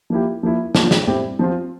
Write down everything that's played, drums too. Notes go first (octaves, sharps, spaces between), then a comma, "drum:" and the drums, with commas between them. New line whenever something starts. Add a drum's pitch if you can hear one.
F3 A#3 E4 G4
F3 A#3 E4
F3 A#3 D4 F4, drum: snare
drum: snare
A2 G3 C4 E4 G4
F3 C4 F4